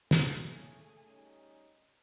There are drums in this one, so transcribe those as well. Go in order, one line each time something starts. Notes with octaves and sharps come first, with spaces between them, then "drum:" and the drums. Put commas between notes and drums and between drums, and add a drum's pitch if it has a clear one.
A3 G#4 G#5, drum: snare
A2 C#3
G3 C#4 D#4